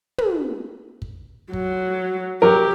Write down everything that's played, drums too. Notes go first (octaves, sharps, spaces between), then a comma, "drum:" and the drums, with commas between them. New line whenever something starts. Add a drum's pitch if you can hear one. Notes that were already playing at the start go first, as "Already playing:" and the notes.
drum: tom
drum: kick
F#3, drum: kick
F#3 G4 A#4